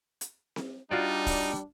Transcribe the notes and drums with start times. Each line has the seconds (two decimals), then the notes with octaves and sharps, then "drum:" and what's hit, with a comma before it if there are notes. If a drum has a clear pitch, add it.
0.21 drum: hi-hat
0.56 drum: snare C4
0.91 G3 D4 D#4 F4 F#4 D5
1.26 drum: kick, open hi-hat